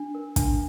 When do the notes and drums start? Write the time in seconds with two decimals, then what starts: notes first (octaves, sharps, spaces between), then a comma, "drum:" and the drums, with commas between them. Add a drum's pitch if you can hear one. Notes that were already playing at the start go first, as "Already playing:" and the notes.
Already playing: D4
0.15 A#4
0.36 D4, drum: kick, hi-hat